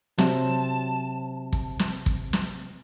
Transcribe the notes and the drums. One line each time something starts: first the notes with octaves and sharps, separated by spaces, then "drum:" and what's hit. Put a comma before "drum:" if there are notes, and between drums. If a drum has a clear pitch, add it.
C3 F#3 C4 A5, drum: snare
drum: kick
drum: snare
drum: kick
drum: snare